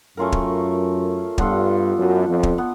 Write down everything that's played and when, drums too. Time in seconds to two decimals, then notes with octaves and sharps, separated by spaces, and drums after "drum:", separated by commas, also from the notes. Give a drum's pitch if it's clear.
0.17 F#2 A3 C#4 F4 A#4
0.32 drum: kick
1.38 G2 B3 D4 F4 A4, drum: kick
1.97 F#2
2.28 F2
2.43 drum: kick
2.58 B3